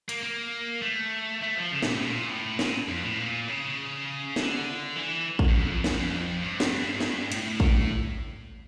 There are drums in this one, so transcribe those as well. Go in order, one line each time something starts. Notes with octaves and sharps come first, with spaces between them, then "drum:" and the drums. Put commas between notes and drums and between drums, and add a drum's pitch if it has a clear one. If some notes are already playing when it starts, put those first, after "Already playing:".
A#3, drum: hi-hat
A#3
A3
A3
F3
C#3
A#2, drum: snare
A2
A#2
A2
A#2, drum: snare
F2
A2
A#2
C#3
D3, drum: snare
E3
drum: kick
E2
F2
E2, drum: snare
F2
G2
drum: snare
drum: snare
A2, drum: hi-hat
drum: kick